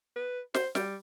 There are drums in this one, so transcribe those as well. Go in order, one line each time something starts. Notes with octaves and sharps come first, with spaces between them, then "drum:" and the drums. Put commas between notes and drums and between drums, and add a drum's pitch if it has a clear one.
B4
C5, drum: snare
G3, drum: snare